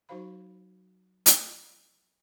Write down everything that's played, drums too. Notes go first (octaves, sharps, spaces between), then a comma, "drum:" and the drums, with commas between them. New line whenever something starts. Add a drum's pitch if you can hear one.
F#3 D#4 F#4 C5 F5 B5
drum: hi-hat